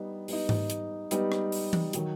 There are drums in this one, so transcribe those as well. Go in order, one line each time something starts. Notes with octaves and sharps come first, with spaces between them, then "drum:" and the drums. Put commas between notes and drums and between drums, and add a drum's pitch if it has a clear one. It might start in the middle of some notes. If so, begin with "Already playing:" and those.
Already playing: G3 B3 D#4
G3 B3 D#4, drum: open hi-hat
drum: tom G#2
drum: hi-hat
G3 B3 D#4, drum: hi-hat
drum: rim click
drum: open hi-hat
drum: tom E3
D#3 F#3, drum: hi-hat